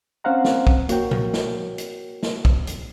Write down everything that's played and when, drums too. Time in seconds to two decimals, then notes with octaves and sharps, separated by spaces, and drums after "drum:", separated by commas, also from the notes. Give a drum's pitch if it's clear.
0.24 C4 C#4 C5 F5 F#5 A#5
0.44 drum: snare
0.67 drum: kick
0.89 A#3 F#4 A#4 C#5 G5, drum: hi-hat
1.11 drum: tom A#2
1.33 drum: snare
1.78 drum: hi-hat
2.23 drum: snare
2.45 drum: kick
2.67 drum: hi-hat